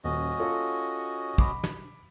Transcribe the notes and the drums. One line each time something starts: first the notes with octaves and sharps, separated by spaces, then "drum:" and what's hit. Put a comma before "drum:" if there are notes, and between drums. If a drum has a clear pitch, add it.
D#1 C#4 F#4 D#5
F4 A4 C#5
B5 D6, drum: kick
drum: snare